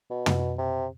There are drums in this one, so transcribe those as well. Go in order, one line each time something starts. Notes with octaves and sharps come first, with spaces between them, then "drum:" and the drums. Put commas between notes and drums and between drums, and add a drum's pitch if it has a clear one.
B2
drum: tom
C3